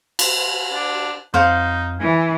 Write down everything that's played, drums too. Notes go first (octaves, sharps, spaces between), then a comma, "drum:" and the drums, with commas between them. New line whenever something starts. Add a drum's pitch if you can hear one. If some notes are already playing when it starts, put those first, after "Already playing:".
drum: cymbal
D4
F2 D#4 C5 F5 F#5
E3 G#5